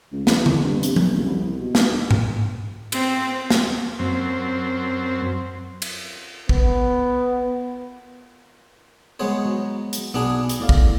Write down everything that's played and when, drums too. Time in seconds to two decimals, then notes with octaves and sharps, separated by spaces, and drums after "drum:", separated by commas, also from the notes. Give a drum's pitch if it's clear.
0.12 C#2
0.27 E2, drum: snare
0.46 F2, drum: tom D3
0.63 G2
0.83 C3, drum: hi-hat
0.96 B1, drum: tom F3
1.12 F#1
1.24 C2
1.40 C2
1.60 B2
1.75 G#2, drum: snare
1.88 E1
2.11 drum: tom G#2
2.92 C4, drum: cymbal
3.51 drum: snare
3.99 F#2 C4
5.82 drum: cymbal
6.49 B3, drum: kick
9.20 G#3 B3 C5 C#5
9.45 F#3
9.93 drum: hi-hat
10.14 B1 B3 D4 G#4
10.49 drum: hi-hat
10.60 A2 D5 F5
10.69 drum: kick